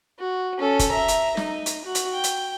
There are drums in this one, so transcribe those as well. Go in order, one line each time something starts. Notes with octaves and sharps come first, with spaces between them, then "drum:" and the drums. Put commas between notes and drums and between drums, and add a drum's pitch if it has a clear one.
F#4
C#4 A4
drum: kick F#1, hi-hat
E5 A#5
drum: hi-hat
D#4, drum: snare
drum: hi-hat
F#4
drum: hi-hat
G5
drum: hi-hat